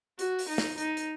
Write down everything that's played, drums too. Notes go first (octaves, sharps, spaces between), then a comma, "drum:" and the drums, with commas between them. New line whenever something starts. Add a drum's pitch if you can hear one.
F#4, drum: hi-hat
drum: open hi-hat
D#4
drum: snare
D#4, drum: hi-hat
drum: hi-hat